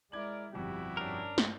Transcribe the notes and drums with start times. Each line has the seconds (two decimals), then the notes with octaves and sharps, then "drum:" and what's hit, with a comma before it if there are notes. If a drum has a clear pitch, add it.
0.12 G#3 E4 A#4 D5 G#6 F#7
0.53 G1 F2 B2 G3 E4 F#4 G4
0.97 G2 C#4 D4 A#4
1.38 drum: snare